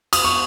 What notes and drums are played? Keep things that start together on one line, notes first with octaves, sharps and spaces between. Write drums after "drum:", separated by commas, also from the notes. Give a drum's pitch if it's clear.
D#6, drum: cymbal
C#6